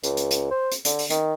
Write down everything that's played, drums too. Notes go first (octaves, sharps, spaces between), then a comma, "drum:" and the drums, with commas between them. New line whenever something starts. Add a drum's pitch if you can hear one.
C#2, drum: hi-hat
drum: hi-hat
drum: hi-hat
C5
drum: hi-hat
D3, drum: hi-hat
drum: open hi-hat
D#3, drum: hi-hat